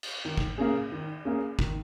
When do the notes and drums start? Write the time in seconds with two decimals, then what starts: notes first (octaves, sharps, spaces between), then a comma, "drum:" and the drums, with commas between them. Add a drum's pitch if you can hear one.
0.03 drum: cymbal
0.25 D#3
0.38 drum: kick
0.58 A#3 C#4 G#4
0.92 D#3
1.25 A#3 C#4 G#4
1.59 D#3, drum: kick